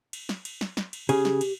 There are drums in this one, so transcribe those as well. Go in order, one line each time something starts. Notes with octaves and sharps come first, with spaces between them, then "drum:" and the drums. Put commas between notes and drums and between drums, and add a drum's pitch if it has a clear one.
drum: cymbal
drum: snare
drum: cymbal
drum: snare
drum: snare
drum: cymbal
C#3 G4 G#4, drum: cymbal
drum: snare
drum: cymbal